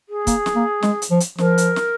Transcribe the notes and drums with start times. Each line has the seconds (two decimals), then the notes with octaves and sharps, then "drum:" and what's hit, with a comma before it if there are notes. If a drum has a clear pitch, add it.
0.09 G#4
0.27 A#3, drum: kick, hi-hat
0.46 drum: snare
0.56 A#3
0.83 G#3, drum: snare
1.02 drum: hi-hat
1.11 F3
1.20 drum: hi-hat
1.38 F3 A#4, drum: snare
1.58 drum: hi-hat
1.76 drum: snare